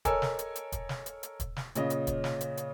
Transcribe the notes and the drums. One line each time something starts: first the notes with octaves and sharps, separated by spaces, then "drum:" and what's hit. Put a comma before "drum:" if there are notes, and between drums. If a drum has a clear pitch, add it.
A4 A#4 C#5 D#5 G#5 E6, drum: kick, hi-hat
drum: snare
drum: hi-hat
drum: hi-hat
drum: kick, hi-hat
drum: snare
drum: hi-hat
drum: hi-hat
drum: kick, hi-hat
drum: snare
A#2 C#3 D#5, drum: hi-hat
drum: hi-hat
drum: kick, hi-hat
drum: snare
drum: hi-hat
drum: hi-hat